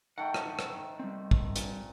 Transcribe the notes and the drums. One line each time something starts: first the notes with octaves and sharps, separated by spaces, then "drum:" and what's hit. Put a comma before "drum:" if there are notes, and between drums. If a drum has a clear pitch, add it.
D#3 A3 F#5 G5
drum: rim click
drum: rim click
G3 C4
drum: kick
A#2, drum: hi-hat